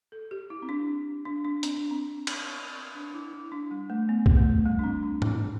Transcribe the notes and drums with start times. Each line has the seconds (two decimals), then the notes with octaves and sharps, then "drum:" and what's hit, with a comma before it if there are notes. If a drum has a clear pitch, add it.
0.12 A4
0.31 G4
0.50 E4
0.62 C4
0.69 D4
1.25 D4
1.45 D4
1.63 C4, drum: hi-hat
1.77 D4
1.91 C4
2.27 drum: cymbal
2.95 D4
3.14 E4
3.33 E4
3.52 D4
3.71 G3
3.90 A3
4.09 B3
4.26 drum: kick C2
4.37 A3
4.66 G3
4.79 D4
4.84 C4
5.03 D4
5.22 E4, drum: tom G#2